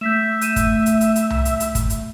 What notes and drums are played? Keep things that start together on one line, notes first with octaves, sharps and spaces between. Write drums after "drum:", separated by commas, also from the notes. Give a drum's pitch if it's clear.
A3 E5 G6 B6 E7
G6 D#7 E7, drum: hi-hat
drum: kick, hi-hat
drum: hi-hat
drum: hi-hat
drum: hi-hat
drum: tom C2
drum: hi-hat
drum: hi-hat
drum: kick, hi-hat
drum: hi-hat